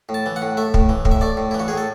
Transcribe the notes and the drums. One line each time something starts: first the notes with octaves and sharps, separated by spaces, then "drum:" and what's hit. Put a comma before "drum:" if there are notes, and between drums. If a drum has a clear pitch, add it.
A2
A5
E3
F#5
A2
A3 E5
A2, drum: kick
E3
A2, drum: kick
E5
A3 D5
A2
E3 E4
F#4
A2 G#4
A4